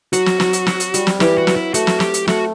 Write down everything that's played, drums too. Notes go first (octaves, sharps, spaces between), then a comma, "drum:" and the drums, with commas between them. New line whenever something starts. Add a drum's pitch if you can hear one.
F#3 F#4, drum: hi-hat
drum: snare
F#3, drum: snare
drum: hi-hat
F#3, drum: snare
drum: hi-hat
G3, drum: hi-hat
drum: snare
E3 G4, drum: snare
F#4
F#3, drum: snare
E4
A3 F#4, drum: hi-hat
drum: snare
G4, drum: snare
drum: hi-hat
A3 F#4, drum: snare